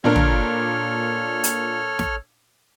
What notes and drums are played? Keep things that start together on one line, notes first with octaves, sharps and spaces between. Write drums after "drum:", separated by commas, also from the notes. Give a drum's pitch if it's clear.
A#2 D4 A4 A#4 C#5 F6
drum: tom
drum: hi-hat
drum: snare